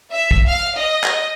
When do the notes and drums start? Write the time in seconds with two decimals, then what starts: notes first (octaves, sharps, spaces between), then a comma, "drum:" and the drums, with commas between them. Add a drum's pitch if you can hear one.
0.13 E5
0.31 drum: kick
0.47 F5
0.78 D#5
1.04 drum: clap